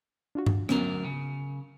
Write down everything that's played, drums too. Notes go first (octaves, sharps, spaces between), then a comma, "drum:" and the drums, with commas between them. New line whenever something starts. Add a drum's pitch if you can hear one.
D4 F4 F#4
drum: tom G2
D2 F#3 B3 C#4 A#4, drum: rim click
C#3